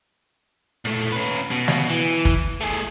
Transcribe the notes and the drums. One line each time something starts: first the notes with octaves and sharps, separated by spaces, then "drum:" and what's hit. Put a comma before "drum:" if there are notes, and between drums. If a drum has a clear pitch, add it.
A#2 A3
C#4 B4
B2
drum: snare
E3
drum: kick
A3 G#4